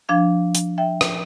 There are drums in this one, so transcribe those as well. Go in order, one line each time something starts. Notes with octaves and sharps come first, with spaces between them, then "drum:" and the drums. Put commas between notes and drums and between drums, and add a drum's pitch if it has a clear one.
F3 D4 F5 G#6
drum: hi-hat
E5 G5
drum: rim click